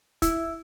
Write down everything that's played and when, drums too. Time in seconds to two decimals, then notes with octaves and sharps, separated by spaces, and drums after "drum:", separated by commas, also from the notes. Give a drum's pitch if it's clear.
0.22 E4, drum: kick, hi-hat